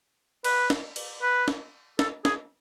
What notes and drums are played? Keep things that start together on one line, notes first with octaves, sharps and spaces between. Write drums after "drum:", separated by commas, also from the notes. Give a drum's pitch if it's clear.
B4, drum: cymbal
drum: snare
drum: cymbal
B4
drum: snare
A4, drum: snare
G#4, drum: snare